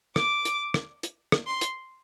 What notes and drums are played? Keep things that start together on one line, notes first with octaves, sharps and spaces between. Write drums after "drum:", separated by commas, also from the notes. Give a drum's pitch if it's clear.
D6, drum: rim click
drum: hi-hat
drum: rim click
drum: hi-hat
drum: rim click
C6
drum: hi-hat